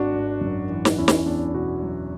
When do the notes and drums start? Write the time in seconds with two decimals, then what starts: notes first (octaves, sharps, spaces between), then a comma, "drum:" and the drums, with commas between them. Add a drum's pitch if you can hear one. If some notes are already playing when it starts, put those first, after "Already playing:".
Already playing: G#1 D4 F#4
0.14 G#1
0.41 F#2
0.70 E3
0.85 drum: snare
0.98 E2 C#4 E4
1.08 drum: snare
1.26 E2 B3 D4
1.54 B2 D4 F#4
1.83 F#3